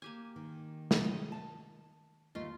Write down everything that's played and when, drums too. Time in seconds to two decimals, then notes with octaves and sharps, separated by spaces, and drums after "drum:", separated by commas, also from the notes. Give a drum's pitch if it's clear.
0.02 A#3 G4 G#5
0.36 D#3
0.91 drum: snare
1.05 D#5
1.32 A5
2.35 D#2 A3 F4 D#5